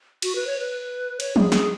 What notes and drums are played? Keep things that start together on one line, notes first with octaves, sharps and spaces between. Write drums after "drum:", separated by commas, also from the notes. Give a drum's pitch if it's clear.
F#4, drum: cymbal
B4
C#5
B4
C#5, drum: cymbal
G#4, drum: tom F3
G#4, drum: snare